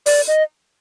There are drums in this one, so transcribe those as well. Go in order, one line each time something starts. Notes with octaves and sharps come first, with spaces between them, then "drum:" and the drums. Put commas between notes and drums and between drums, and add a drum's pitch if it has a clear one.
D5, drum: open hi-hat
D#5